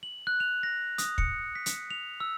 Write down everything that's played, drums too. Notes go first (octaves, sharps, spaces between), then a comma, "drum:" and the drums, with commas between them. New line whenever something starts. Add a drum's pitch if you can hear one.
F#7
F#6
F7
A#6
D#6, drum: hi-hat
C#7, drum: kick
B6
drum: hi-hat
F7
E6